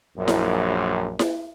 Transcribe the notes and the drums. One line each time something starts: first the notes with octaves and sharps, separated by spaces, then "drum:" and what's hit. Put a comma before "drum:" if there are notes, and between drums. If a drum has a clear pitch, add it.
A#1 F#2
drum: snare E4
drum: snare E4